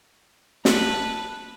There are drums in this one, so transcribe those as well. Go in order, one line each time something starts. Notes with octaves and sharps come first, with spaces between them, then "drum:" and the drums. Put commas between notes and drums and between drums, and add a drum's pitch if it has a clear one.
B4 A5, drum: snare